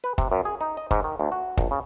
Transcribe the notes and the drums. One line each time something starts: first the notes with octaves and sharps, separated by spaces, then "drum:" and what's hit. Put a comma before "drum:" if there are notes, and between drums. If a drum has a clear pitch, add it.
B4
C3, drum: kick
F#2
G#4
D#4
D#5
G#2, drum: kick
D#3
D2
F#4
A#1, drum: kick
C#3